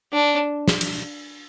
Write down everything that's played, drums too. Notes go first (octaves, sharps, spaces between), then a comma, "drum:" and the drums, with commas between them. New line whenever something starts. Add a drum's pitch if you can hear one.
D4
drum: snare
drum: cymbal